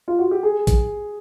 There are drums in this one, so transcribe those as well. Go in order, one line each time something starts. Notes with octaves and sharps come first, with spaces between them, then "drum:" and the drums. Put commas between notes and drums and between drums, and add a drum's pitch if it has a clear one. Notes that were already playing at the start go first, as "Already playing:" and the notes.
F4
F#4
G4
G#4
drum: kick, hi-hat